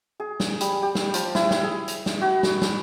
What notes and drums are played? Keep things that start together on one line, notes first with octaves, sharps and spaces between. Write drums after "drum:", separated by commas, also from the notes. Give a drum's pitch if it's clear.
G#4
drum: snare
G3, drum: hi-hat
G4
drum: snare
F3, drum: hi-hat
E4, drum: snare
drum: snare
G#4
drum: hi-hat
drum: snare
F#4
drum: snare
drum: snare